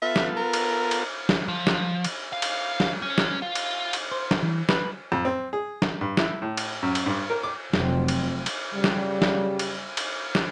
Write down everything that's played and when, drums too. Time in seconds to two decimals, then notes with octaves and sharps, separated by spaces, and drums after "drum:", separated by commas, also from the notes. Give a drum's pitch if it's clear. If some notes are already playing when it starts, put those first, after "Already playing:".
0.02 B3 F4 A4 E5
0.16 drum: snare
0.37 A#4
0.53 drum: cymbal
0.91 drum: cymbal
1.29 drum: snare
1.48 F3
1.67 drum: snare
2.04 drum: cymbal
2.33 F5
2.42 drum: cymbal
2.80 drum: snare
3.02 C#4
3.18 drum: snare
3.42 F4
3.55 drum: cymbal
3.93 drum: cymbal
4.12 C5
4.31 drum: snare
4.43 E3
4.69 B4, drum: snare
5.12 F2
5.25 C4
5.53 G#4
5.82 drum: snare
6.01 G2
6.17 E4, drum: snare
6.42 A2
6.57 drum: cymbal
6.83 F#2
6.95 drum: cymbal
7.06 G2
7.30 A#4
7.43 D6
7.73 F1 F2 F#3 C4, drum: snare
8.08 drum: cymbal
8.46 drum: cymbal
8.73 F#2 C#3 G3
8.84 drum: snare
9.22 drum: snare
9.59 drum: cymbal
9.97 drum: cymbal
10.35 drum: snare